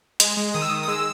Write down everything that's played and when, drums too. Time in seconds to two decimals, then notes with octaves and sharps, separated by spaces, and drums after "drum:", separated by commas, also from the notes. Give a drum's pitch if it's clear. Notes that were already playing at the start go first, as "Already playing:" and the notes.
0.20 G#3, drum: hi-hat
0.37 G#3
0.54 D#3 D#6
0.62 E6
0.69 D#3 D#6
0.83 D#6
0.88 G#3 E6